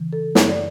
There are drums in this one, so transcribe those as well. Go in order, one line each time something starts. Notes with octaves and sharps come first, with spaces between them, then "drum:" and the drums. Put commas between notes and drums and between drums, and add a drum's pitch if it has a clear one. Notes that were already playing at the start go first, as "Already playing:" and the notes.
Already playing: C#3 E3
A4
F#2 C#5, drum: snare
D5